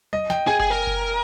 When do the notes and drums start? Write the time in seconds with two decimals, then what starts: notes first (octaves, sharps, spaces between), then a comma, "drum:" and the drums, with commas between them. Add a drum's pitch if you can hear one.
0.13 D#5, drum: tom F#3
0.30 G5, drum: snare
0.47 G#4 G#5
0.60 G#4, drum: kick F#1
0.70 A#4
0.87 drum: kick F#1